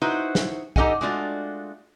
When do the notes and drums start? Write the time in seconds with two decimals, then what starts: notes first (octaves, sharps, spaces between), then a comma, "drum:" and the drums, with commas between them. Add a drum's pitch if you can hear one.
0.02 D#4 E4 F#4 B4 C5
0.35 drum: snare
0.76 D#4 G4 A4 D#5 F#5 G#5, drum: kick
1.01 G#3 A3 D4 F4 F#4